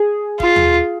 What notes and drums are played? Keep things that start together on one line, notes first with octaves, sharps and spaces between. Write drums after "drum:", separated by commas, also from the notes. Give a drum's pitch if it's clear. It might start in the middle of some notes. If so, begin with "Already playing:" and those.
Already playing: G#4
F4, drum: kick
drum: tom